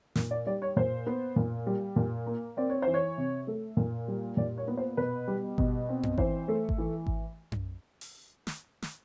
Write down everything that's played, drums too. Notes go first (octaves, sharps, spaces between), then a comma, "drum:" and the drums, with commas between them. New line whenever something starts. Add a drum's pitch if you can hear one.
A#2, drum: snare
D5
G3 D5
C#5
A#2 C5
B3
A#2
G3
A#2
A#3
C4 D5
C#5
E3 C5
C#5
C3
A3
A#2
G3
A#2 D5
C#5
B3
C5
B2 B4
G3
B2, drum: kick G#1
C4
drum: tom F#2
E3 C5, drum: kick G#1
A3
drum: kick G#1
E3
drum: kick G#1
drum: tom F#2
drum: open hi-hat
drum: snare
drum: snare